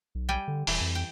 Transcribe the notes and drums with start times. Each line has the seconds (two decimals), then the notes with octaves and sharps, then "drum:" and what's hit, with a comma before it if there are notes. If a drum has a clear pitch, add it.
0.15 B1
0.29 G3 G5 G#5
0.48 D3
0.67 D#1 E3, drum: open hi-hat
0.81 F2
0.95 G5